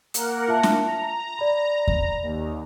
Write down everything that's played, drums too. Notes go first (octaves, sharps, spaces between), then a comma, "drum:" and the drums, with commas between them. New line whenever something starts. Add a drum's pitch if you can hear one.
A#3 A#4 F#5, drum: hi-hat
F4 E5 A5
drum: snare
A#5
D5 B5
drum: kick E2
D#2